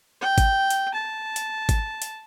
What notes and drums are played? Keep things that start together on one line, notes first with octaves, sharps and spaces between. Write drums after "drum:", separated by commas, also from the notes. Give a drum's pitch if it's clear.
G5
drum: kick G#1, hi-hat
drum: hi-hat
A5
drum: hi-hat
drum: kick G#1, hi-hat
drum: hi-hat